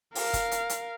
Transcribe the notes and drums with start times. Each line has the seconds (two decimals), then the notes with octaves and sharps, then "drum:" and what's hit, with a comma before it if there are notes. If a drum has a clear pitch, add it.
0.15 A#4 F5, drum: open hi-hat
0.33 drum: kick, hi-hat
0.51 drum: hi-hat
0.70 drum: hi-hat